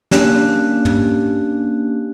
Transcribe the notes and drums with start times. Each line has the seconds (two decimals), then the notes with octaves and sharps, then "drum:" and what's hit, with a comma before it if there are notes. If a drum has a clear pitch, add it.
0.11 A#3 C#4 D4 G4 F#6, drum: snare
0.85 drum: tom